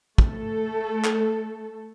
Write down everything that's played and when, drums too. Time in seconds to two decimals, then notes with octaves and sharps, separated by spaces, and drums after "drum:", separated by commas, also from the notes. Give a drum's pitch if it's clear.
0.18 A3 A4, drum: kick
1.04 drum: clap